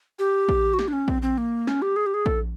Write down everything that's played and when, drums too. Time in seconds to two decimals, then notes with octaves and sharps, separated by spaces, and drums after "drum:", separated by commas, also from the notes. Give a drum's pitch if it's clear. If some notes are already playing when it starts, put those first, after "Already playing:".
0.19 G4
0.49 drum: kick A#1
0.74 F#4
0.79 G4, drum: snare
0.88 D4
0.93 C#4
1.08 C4, drum: kick A#1
1.22 C4
1.38 A#3
1.67 C#4, drum: snare
1.82 G4
1.96 G#4
2.06 G4
2.14 G#4
2.26 A4, drum: kick A#1